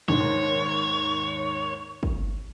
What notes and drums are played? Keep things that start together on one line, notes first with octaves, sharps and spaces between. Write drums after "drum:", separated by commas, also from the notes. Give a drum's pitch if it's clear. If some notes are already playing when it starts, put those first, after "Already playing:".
D#2 G#2 D#3 C#5, drum: tom A#2
drum: kick